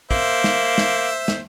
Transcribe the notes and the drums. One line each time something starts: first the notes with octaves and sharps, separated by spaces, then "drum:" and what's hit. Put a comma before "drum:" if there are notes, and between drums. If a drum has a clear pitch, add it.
A#3 C5 E5, drum: kick
drum: snare
drum: snare
drum: snare